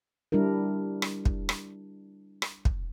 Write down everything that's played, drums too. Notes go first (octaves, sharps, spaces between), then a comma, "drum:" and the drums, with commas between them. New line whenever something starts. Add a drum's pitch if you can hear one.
G3 D4 E4 A#4
drum: rim click
drum: kick
drum: rim click
drum: rim click
drum: kick